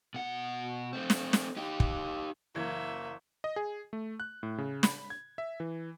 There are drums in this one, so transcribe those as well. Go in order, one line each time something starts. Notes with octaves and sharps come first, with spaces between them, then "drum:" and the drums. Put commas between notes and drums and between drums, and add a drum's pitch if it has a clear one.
B2 F#5
A3 C4
drum: snare
drum: snare
D#4 G4
drum: kick
F#1 E3 A#3 E5 G#6
D#5
G#4
A3
F#6
A2
C#3
B5, drum: snare
G#6
E5
E3